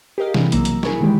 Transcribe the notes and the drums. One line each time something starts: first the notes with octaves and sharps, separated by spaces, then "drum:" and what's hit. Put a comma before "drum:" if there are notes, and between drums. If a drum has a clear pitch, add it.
G4 G#4 A#4 D#5 F5
C3 E3 G3, drum: snare
B1 F#3 A#3 A#5 E6, drum: hi-hat
drum: hi-hat
E4 G#4 A#4 G#5 B5 C#6, drum: snare
D#3 E3 G3 G#3 G4